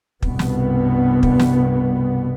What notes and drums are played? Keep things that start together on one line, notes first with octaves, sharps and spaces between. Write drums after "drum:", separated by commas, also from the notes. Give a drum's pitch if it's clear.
C2 G2 B2 B3, drum: kick
drum: snare
drum: kick
drum: snare